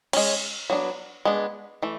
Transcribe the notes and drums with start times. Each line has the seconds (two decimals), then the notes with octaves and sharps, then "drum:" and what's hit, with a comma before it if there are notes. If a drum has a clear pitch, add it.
0.13 G#3 C#4, drum: cymbal
0.70 F#3 B3 D4
1.25 G#3 B3 D4
1.82 E3 A3